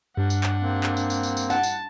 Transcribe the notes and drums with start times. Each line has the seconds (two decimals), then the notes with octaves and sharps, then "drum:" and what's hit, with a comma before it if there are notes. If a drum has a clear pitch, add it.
0.17 G2 D4 F#5
0.30 drum: tambourine
0.43 drum: clap
0.61 A#3 C4
0.83 drum: clap
0.97 drum: tambourine
1.10 drum: tambourine
1.23 drum: tambourine
1.37 drum: tambourine
1.50 F#5 A5, drum: tambourine
1.63 drum: tambourine